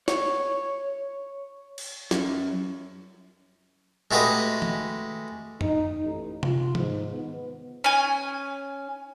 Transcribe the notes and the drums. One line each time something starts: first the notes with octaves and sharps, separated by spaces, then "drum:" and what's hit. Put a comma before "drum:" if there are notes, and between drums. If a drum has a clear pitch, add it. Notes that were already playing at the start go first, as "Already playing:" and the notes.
C#5, drum: snare
drum: cymbal
F#2, drum: snare
G#3 A3 F#4 G4 B4 D#5
drum: tom D#3
D#4, drum: tom F#2
A1
F4, drum: tom C3
G#2, drum: tom D#3
B3
C#4 G#5